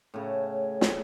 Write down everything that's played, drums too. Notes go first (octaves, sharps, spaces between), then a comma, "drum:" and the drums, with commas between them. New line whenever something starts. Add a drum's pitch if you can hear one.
A2 C#3
drum: snare